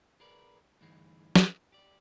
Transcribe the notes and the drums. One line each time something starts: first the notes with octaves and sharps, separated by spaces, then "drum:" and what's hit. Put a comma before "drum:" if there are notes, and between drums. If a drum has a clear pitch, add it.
G#4 A#4 B4 D5
D2 G2 E3 D#4 G#4
drum: snare
G4 D5